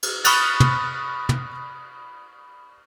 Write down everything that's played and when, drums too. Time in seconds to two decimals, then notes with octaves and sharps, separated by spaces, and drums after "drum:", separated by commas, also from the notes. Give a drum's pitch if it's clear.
0.03 drum: cymbal
0.24 B5 C#6 D#6 F6 F#6 A6, drum: cymbal
0.60 drum: tom
1.29 drum: tom